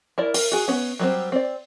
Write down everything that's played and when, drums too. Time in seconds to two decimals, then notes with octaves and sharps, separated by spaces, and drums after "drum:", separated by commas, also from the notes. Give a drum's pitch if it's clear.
0.18 E4 A#4 D5
0.34 A#4, drum: open hi-hat
0.52 F#4 G#4
0.68 B3 C#4
0.99 F#3 G3 C4
1.32 C4 D5